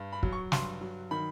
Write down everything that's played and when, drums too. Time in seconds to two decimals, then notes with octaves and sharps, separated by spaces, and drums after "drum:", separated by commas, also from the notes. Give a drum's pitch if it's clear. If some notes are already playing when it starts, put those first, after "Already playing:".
Already playing: G2
0.13 B5
0.23 F#3, drum: kick
0.33 C#6
0.52 G2 C6, drum: snare
0.81 F#3
1.11 D#3 B5